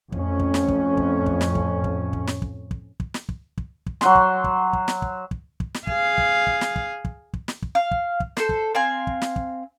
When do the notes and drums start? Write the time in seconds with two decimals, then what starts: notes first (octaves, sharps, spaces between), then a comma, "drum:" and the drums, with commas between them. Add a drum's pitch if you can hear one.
0.12 F2 A2 C#4, drum: kick
0.39 drum: kick
0.54 drum: snare
0.68 drum: kick
0.97 drum: kick
1.26 drum: kick
1.41 drum: snare
1.55 drum: kick
1.84 drum: kick
2.13 drum: kick
2.27 drum: snare
2.42 drum: kick
2.71 drum: kick
3.00 drum: kick
3.14 drum: snare
3.29 drum: kick
3.58 drum: kick
3.86 drum: kick
4.01 F#3 F#5 C6, drum: snare
4.15 drum: kick
4.44 drum: kick
4.73 drum: kick
4.88 drum: snare
5.02 drum: kick
5.31 drum: kick
5.60 drum: kick
5.74 drum: snare
5.87 G#4 F5, drum: kick
6.18 drum: kick
6.47 drum: kick
6.61 drum: snare
6.76 drum: kick
7.05 drum: kick
7.34 drum: kick
7.48 drum: snare
7.62 drum: kick
7.75 F5
7.91 drum: kick
8.20 drum: kick
8.37 A4 C5, drum: snare
8.49 drum: kick
8.75 C4 F5 G#5
9.07 drum: kick
9.21 drum: snare
9.36 drum: kick